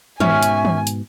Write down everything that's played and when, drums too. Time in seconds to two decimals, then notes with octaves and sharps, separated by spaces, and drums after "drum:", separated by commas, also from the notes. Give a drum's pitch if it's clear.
0.20 G#2 B2 C#4 E5 G#5, drum: tom D#3
0.43 drum: hi-hat
0.65 drum: tom D#3
0.87 drum: hi-hat